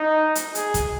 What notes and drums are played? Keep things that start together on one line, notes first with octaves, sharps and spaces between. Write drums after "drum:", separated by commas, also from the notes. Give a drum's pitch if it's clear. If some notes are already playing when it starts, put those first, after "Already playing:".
Already playing: D#4
drum: hi-hat
G#4, drum: hi-hat
drum: kick A1, hi-hat